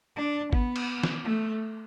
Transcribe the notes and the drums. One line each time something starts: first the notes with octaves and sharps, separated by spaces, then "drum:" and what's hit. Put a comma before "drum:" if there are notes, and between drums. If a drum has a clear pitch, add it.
D4
B3, drum: kick G#1
drum: cymbal
drum: snare
A3